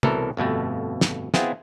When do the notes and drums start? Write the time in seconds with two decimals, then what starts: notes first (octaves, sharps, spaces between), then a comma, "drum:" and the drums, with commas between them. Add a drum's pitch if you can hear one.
0.03 C2 B2 E3 A4 A#4, drum: tom
0.37 G1 F2 B2 A3
1.01 drum: snare
1.34 B3 C4 E4 F4 G#4, drum: snare